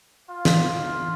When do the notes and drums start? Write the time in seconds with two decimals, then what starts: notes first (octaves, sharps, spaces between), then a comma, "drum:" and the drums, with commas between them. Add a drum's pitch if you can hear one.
0.29 F4
0.45 drum: snare